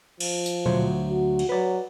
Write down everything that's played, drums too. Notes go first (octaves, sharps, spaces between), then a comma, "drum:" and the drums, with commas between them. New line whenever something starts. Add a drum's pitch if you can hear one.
F3, drum: cymbal
drum: tambourine
D2 F#3 C5, drum: tom A#2
F#4
drum: cymbal
F#3 B4 D5